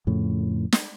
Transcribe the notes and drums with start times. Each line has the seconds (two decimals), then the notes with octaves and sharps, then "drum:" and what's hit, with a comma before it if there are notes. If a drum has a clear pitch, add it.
0.07 F2 A2 C#3
0.72 drum: snare